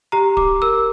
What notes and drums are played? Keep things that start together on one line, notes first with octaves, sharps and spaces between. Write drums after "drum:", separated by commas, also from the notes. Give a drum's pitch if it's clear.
G4 A#5
G4 D6, drum: kick D1
A#4 E6